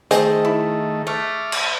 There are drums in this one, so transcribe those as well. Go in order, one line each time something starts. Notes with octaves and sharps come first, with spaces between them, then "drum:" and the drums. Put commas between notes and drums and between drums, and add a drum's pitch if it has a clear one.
D#3 A3 C4 G#4 D#5, drum: hi-hat
E4
A3 D6 F6
drum: cymbal